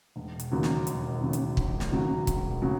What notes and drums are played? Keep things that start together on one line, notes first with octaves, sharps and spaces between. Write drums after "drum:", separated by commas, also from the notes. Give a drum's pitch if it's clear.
E1
drum: hi-hat
D#2 C#3 F#3
drum: snare
E1, drum: hi-hat
D#2 C#3 F#3
drum: hi-hat
E1, drum: kick
drum: snare
D#2 C#3 F#3
E1, drum: kick, hi-hat
C#3 F#3